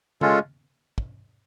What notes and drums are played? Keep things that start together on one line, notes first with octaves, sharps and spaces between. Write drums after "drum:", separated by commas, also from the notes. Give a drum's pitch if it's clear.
G#3 C#4 F4 A4, drum: tom C#3
drum: kick